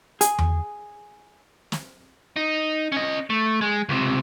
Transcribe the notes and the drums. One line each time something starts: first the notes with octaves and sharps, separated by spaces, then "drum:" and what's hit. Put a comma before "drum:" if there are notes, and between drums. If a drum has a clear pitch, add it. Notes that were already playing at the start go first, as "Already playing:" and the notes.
G#4, drum: hi-hat
drum: tom E2
drum: snare
D#4
C#4 D#5
A3
G#3
C#2 C3